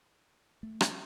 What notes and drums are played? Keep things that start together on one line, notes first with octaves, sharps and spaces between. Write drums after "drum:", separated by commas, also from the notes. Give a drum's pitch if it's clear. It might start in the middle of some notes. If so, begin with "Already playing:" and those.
A3
drum: rim click